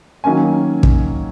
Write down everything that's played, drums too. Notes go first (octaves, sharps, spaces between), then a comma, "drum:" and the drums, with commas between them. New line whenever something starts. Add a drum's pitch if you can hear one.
D#3 F#3 A#3 C#4 G#5
drum: kick